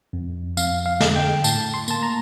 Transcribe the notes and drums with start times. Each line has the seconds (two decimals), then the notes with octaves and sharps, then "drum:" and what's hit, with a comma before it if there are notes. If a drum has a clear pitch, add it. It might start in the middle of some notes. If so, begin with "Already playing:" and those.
0.13 F2
0.57 F2 F5, drum: tambourine
0.86 F5
1.00 D3, drum: snare
1.16 G5
1.44 A2 A5, drum: tambourine
1.74 C6
1.88 A#3 A5, drum: tambourine
2.03 A#5